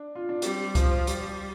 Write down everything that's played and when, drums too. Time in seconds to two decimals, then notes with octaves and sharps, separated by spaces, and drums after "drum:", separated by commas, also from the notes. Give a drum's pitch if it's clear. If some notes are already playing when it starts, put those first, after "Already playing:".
Already playing: D4
0.15 F4
0.29 D4
0.42 G3 C4, drum: hi-hat
0.75 F3 C5, drum: kick C2, hi-hat
1.07 G3, drum: hi-hat